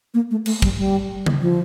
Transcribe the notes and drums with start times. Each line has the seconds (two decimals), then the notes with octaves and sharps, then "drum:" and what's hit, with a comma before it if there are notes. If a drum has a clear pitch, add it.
0.14 A#3
0.31 A3
0.46 A3, drum: cymbal
0.62 G3, drum: kick
0.77 G3
1.26 drum: tom C#3
1.41 F3